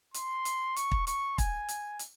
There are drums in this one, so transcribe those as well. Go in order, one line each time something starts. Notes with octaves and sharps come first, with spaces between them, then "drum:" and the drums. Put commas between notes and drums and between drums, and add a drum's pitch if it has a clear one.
C6, drum: hi-hat
drum: hi-hat
C#6, drum: hi-hat
drum: kick
C#6, drum: hi-hat
G#5, drum: kick, hi-hat
drum: hi-hat
drum: hi-hat